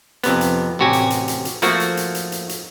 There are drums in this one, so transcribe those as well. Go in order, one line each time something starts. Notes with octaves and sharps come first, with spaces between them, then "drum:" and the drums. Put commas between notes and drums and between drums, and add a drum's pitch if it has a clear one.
F2 C3 B3, drum: hi-hat
drum: hi-hat
A1 C3 F#4 G4 G#5
drum: hi-hat
drum: hi-hat
drum: hi-hat
drum: hi-hat
F3 A3 A#3 F#4, drum: hi-hat
drum: hi-hat
drum: hi-hat
drum: hi-hat
drum: hi-hat
drum: hi-hat